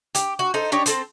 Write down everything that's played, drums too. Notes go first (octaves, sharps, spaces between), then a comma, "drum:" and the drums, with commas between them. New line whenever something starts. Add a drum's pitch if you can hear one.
G4, drum: hi-hat
F#4
D#4 A4 C5
D4 G4 C#5 D#5
C4 A4 C5, drum: hi-hat